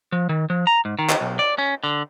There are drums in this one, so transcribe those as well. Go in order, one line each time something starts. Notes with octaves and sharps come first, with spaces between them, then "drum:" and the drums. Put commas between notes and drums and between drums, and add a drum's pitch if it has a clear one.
F3
D#3
F3
A#5
G#2
D#3
drum: clap
B1
D5
C#4
D3